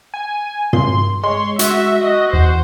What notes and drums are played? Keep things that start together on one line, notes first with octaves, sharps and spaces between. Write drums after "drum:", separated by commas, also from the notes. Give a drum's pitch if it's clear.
G#5
C6, drum: tom
G#3 C#5 C6
F#4 E5, drum: hi-hat
D#5
E2 C5